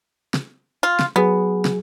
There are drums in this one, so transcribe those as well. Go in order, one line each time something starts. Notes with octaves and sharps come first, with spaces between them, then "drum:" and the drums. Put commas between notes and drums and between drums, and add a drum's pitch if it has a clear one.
drum: snare
F4
drum: snare
F#3 B3 G#4
drum: snare